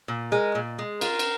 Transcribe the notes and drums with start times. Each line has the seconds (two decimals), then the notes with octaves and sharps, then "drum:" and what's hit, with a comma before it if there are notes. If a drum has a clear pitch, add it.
0.08 A#2
0.32 G#3 A#4
0.55 A#2
0.79 G#3
1.01 F4 A#4, drum: cymbal
1.19 drum: cymbal